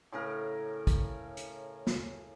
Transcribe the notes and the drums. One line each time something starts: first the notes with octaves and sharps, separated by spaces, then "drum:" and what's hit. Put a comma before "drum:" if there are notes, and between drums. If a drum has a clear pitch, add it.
A2 C#3 A#4
drum: kick, hi-hat
drum: hi-hat
drum: snare